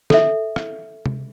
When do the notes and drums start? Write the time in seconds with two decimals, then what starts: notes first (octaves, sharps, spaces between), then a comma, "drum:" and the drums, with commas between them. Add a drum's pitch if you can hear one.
0.10 A4 E5, drum: snare
0.56 drum: rim click
1.06 drum: tom C3